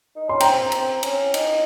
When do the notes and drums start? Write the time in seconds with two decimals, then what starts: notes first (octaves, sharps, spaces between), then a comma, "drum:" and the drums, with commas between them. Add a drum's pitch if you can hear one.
0.16 D#4
0.29 C#4 C6
0.40 C4 G5 A#5, drum: cymbal
0.72 C4, drum: cymbal
1.03 C#4, drum: cymbal
1.34 D#4, drum: cymbal